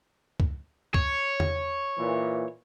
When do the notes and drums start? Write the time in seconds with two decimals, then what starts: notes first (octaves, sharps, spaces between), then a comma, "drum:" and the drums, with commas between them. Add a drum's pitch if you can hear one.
0.40 drum: kick C#2
0.94 C#5, drum: kick C#2
1.40 drum: tom E2
1.98 A#2 E3